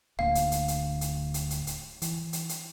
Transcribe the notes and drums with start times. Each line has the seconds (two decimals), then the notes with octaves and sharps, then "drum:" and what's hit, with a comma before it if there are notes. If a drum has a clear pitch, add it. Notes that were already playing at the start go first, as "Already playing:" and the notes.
0.19 D1 D2 A#3 F5
0.35 drum: hi-hat
0.52 drum: hi-hat
0.68 drum: hi-hat
1.01 drum: hi-hat
1.34 drum: hi-hat
1.50 drum: hi-hat
1.67 drum: hi-hat
2.02 E3, drum: hi-hat
2.33 drum: hi-hat
2.49 drum: hi-hat